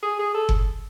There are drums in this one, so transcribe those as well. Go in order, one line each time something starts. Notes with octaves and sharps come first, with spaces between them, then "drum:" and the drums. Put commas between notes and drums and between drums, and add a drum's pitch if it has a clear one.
G#4
G#4
A4
drum: kick F#1